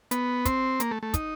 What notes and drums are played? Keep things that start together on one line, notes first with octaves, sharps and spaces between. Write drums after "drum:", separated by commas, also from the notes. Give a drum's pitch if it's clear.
B3, drum: hi-hat
C4, drum: kick, hi-hat
A#3, drum: hi-hat
A3
A3
D#4, drum: kick, hi-hat